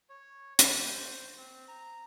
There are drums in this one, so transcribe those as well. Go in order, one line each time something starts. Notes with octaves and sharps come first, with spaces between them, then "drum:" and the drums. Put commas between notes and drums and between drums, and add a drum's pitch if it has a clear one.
C#5
C6, drum: hi-hat
C5
C4
A#5